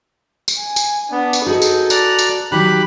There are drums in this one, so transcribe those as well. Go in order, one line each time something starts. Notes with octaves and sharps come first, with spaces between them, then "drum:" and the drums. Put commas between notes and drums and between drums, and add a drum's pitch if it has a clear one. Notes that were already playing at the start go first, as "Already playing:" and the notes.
drum: tambourine
G#5
drum: tambourine
B3 D4
drum: tambourine
D#4 F#4 G#4 A4 B4
drum: tambourine
D5 A#5 F#6, drum: tambourine
drum: tambourine
D#3 F#3 G4 B5 F#6